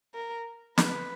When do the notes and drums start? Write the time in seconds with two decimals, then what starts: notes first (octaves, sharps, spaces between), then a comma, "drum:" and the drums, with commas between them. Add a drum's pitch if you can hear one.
0.15 A#4
0.78 B4, drum: snare